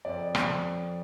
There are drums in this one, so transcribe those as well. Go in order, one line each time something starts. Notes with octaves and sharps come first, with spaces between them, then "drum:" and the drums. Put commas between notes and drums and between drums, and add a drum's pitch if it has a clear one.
F2 D5
F2, drum: rim click